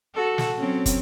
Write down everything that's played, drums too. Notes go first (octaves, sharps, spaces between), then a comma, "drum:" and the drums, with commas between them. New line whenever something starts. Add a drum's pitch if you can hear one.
F#4 A4
drum: snare
F#3 C4 C#4
drum: kick, hi-hat